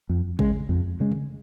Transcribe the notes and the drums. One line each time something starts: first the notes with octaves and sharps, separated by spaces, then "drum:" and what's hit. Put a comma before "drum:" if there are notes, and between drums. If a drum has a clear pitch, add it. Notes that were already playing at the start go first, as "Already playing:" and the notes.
F2
C#3 G#3, drum: kick
F2
C#3 G#3
drum: tom C#3